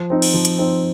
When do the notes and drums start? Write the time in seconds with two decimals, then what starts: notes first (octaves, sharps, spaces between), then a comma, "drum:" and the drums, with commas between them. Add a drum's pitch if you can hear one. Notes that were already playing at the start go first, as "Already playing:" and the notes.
Already playing: F3
0.10 C4 D#4
0.22 drum: cymbal
0.34 F3
0.45 drum: hi-hat
0.58 C4 D#4